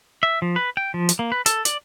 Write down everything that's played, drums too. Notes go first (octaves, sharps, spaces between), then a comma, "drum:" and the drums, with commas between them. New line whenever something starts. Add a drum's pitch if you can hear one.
E5
F3
B4
G5
F3
drum: hi-hat
A#3
B4
A4, drum: hi-hat
D5, drum: hi-hat